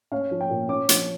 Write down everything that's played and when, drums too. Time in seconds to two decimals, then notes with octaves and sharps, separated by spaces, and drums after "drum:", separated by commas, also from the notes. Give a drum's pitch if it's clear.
0.12 C#4 F5
0.31 F3
0.41 G5
0.49 A#2
0.69 C#4 D6
0.89 F3, drum: hi-hat